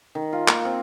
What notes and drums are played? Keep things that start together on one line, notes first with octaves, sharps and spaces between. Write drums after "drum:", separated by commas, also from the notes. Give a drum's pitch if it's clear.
D#3
F4
A#3, drum: clap
C4